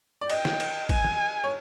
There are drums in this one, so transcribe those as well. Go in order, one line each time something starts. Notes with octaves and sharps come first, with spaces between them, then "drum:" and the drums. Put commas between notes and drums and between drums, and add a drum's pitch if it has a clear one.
D5
D#5 G5, drum: cymbal
drum: snare
drum: cymbal
G#5, drum: kick, cymbal
drum: tom
C#5